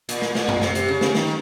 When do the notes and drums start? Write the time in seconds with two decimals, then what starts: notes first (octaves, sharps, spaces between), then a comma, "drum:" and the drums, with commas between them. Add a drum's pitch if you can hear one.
0.09 A#2, drum: hi-hat
0.22 drum: snare
0.35 A#2, drum: snare
0.48 drum: tom F#2
0.62 C3, drum: snare
0.75 C3, drum: hi-hat
0.88 C#3
1.01 C#3, drum: snare
1.15 D#3, drum: snare